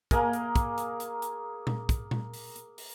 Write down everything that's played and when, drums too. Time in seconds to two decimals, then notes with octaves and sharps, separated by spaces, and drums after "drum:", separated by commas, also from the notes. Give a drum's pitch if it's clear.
0.11 A#3 G#4 A#4, drum: kick, hi-hat
0.33 drum: hi-hat
0.56 drum: kick, hi-hat
0.78 drum: hi-hat
1.00 drum: hi-hat
1.22 drum: hi-hat
1.67 drum: tom A#2
1.89 drum: kick, hi-hat
2.11 drum: tom A#2
2.34 drum: open hi-hat
2.56 drum: hi-hat
2.78 drum: open hi-hat